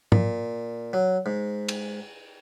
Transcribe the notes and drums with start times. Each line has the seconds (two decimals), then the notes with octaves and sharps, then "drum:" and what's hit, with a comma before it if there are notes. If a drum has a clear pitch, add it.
0.12 A#2, drum: tom G#2
0.93 F#3
1.26 G#2
1.69 drum: cymbal